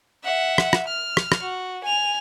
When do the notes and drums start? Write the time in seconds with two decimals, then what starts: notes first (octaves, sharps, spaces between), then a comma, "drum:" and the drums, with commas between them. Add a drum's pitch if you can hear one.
0.24 E5 F#5
0.58 drum: rim click
0.73 drum: rim click
0.88 F6
1.17 drum: rim click
1.32 drum: rim click
1.41 F#4
1.84 G#5 F7